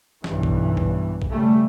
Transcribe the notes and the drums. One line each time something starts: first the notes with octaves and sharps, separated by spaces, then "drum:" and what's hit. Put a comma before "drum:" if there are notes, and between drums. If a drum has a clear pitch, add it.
B1 G2 E3, drum: snare
drum: kick
drum: kick
drum: kick
C#3 G3 A3